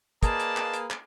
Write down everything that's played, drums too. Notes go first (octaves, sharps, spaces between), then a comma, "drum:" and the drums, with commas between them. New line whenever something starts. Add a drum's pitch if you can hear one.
A#3 G#4 B4 D5 D#5 A5, drum: kick, hi-hat
drum: hi-hat
drum: clap
drum: hi-hat
drum: clap